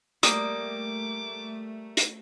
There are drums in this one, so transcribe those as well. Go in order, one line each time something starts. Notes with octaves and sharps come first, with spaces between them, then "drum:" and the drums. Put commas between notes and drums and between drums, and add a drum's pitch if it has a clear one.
G3 A3 A#3 D6 D#6, drum: hi-hat
drum: hi-hat